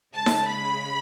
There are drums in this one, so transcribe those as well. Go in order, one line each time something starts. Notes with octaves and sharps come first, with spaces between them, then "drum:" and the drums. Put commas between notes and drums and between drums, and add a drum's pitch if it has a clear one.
C#3 G#3 A5
drum: snare D#4
B5